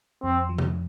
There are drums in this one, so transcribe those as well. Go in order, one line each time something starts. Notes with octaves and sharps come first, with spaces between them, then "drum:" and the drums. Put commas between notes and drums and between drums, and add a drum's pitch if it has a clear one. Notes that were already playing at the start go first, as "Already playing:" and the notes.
F2 C4
F3
drum: tom C3